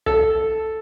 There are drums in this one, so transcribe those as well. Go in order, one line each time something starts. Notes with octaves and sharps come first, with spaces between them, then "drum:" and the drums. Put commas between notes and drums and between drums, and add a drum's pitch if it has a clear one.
A4, drum: kick